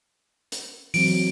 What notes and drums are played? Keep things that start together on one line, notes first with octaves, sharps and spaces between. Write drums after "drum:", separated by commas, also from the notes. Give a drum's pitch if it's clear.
drum: hi-hat
E3 F#3 C4 D7, drum: open hi-hat